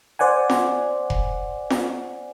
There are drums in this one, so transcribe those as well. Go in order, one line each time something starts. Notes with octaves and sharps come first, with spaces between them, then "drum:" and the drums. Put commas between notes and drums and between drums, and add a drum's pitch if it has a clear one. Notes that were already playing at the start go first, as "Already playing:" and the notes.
C5 D5 F#5 G#5
drum: snare
drum: kick F1
drum: snare